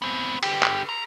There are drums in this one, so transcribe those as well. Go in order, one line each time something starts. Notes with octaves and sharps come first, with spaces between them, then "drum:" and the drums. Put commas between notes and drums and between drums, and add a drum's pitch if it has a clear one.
B3 C4
D3 G4, drum: cymbal
drum: clap
A#5